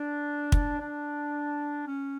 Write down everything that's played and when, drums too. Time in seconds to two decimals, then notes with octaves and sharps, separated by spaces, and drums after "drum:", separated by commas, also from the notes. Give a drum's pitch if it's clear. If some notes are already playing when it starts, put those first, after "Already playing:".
Already playing: D4
0.52 drum: kick
0.79 D4
1.87 C#4